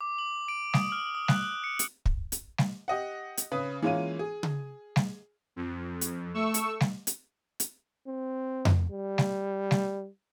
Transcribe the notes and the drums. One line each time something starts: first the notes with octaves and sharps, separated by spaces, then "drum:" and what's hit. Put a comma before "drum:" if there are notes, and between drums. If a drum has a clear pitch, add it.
D6
F#7
D7
D#6, drum: snare G3
F6
D#6
F#6, drum: snare G3
C#7
drum: hi-hat
drum: kick
drum: hi-hat
drum: snare G3
G4 D#5 F#5
drum: hi-hat
C#3 B4 D#6
E3 G#3 A#3 C#4 F4 D#7
G#4
drum: tom C#3
drum: snare G3
F2
drum: hi-hat
A3 C#6 E6
drum: hi-hat
drum: snare G3
drum: hi-hat
drum: hi-hat
C4
drum: tom F2
G3
drum: snare G3
drum: snare G3